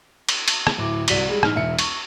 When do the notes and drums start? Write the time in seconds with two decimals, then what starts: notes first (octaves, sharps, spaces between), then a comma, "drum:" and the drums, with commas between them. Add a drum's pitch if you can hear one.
0.29 drum: cymbal
0.48 drum: cymbal
0.67 drum: rim click
0.77 D1 E4 D6
1.08 C2 F#4 D5 B6 D#7 G7, drum: cymbal
1.28 G3 G#3
1.43 A1 D#4 F6, drum: rim click
1.56 E1 E5 C#7
1.79 C#6, drum: cymbal